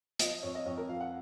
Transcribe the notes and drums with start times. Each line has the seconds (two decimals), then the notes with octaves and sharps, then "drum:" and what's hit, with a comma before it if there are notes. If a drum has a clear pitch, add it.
0.19 F3 D#5, drum: hi-hat
0.43 F2 C#5
0.55 D#5
0.66 F2 C#5
0.77 A#4
0.89 F3 F5
1.00 F#5